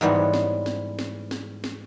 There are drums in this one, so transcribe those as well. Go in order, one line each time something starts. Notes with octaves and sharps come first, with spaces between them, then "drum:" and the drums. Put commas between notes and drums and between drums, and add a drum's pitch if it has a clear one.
G#2 E3 G3 B3 C5 C#5
drum: snare
drum: snare
drum: snare
drum: snare
drum: snare